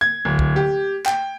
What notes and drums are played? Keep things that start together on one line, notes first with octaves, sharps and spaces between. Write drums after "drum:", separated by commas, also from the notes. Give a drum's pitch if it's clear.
G#6
D1
drum: kick
G4
G5, drum: clap